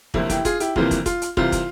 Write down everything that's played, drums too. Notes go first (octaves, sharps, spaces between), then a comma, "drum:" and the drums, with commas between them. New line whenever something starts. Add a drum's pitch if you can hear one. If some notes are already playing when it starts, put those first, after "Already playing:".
G1 F2 C3 E3 A#3 E4, drum: kick
E4 G4, drum: kick, hi-hat
F4 G#4, drum: kick, hi-hat
E4 G4, drum: hi-hat
G1 F2 C3 E3 A#3 F4, drum: kick
drum: kick, hi-hat
F4, drum: kick, hi-hat
drum: hi-hat
C2 C3 E3 F4, drum: kick
drum: kick, hi-hat